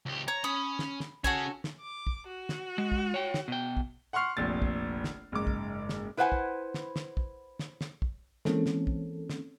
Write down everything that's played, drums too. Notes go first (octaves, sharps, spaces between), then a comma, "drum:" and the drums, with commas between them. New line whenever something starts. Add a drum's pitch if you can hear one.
C#2 G4
C#5 A#5
C#4 B5 D#6
drum: snare
drum: snare
C#4 F#4 G#4 A4 G#5, drum: kick
drum: snare
D6
drum: kick
F#4
drum: snare
G#3
drum: kick
C#5 G5
drum: snare
B2 G5
drum: kick
F#5 C6 C#6 F6 C7
F1 A#1 A6
drum: kick
drum: snare
F#1 G#2 D6
drum: kick
drum: snare
E4 B4 C5 F#5 G#5
drum: kick
drum: snare
drum: snare
drum: kick
drum: snare
drum: snare
drum: kick
E3 G#3 A#3 C4 C#4 A4, drum: snare
drum: snare
drum: kick
drum: snare